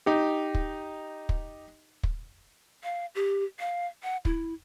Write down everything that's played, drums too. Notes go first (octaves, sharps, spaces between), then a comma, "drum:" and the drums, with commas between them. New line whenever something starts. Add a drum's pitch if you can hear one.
D#4 G4
drum: kick
drum: kick
drum: kick
F5
G4
F5
F#5
E4, drum: kick